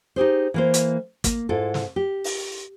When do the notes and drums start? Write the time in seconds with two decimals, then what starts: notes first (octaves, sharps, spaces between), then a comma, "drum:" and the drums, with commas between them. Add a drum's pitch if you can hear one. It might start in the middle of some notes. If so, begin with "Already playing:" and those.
0.16 D#4 G4 G#4 C5
0.54 E3 A#3 C5
0.74 drum: hi-hat
1.24 A#3, drum: kick, hi-hat
1.49 G#2 E4 F4 A4
1.74 drum: snare
1.96 G4
2.24 drum: open hi-hat